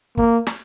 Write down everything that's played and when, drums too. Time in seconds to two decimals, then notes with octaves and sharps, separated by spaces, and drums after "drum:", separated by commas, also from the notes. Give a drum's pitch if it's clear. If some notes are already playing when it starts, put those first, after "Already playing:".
0.17 A#3, drum: kick
0.47 drum: snare